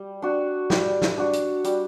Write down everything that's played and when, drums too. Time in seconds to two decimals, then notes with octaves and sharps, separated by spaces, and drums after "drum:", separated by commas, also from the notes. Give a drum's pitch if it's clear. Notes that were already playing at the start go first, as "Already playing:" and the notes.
Already playing: G3
0.22 D4 F#4
0.70 G3, drum: snare
1.02 drum: snare
1.17 D4 F#4
1.33 drum: hi-hat
1.64 G3, drum: hi-hat